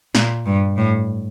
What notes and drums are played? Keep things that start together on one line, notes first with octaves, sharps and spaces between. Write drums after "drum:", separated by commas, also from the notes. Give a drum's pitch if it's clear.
A#2, drum: snare
G2
A2